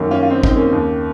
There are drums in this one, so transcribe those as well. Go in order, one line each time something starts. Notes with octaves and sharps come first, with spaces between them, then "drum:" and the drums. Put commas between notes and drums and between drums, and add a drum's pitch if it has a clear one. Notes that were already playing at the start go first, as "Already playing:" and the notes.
Already playing: F#2 D#3 A#3 C#4
C#4 F4
F4
C4 D#4
C4 D#4, drum: kick
A#3 C#4
D#2 D#3